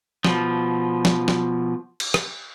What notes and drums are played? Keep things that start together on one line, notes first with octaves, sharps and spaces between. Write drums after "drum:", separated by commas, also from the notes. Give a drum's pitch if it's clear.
B2 F3, drum: snare
drum: snare
drum: snare
drum: cymbal
drum: rim click